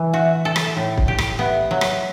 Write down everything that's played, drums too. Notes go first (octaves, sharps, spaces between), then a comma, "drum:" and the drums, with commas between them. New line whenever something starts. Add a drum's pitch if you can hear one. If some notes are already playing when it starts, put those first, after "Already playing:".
Already playing: E3
F#4 E5
A4
drum: rim click
A2
drum: kick
G4
drum: rim click
B3 E5
F#3
drum: rim click